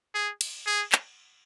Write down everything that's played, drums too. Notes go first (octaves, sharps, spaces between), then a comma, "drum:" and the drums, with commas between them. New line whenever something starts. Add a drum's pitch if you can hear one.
G#4
drum: cymbal
G#4
drum: clap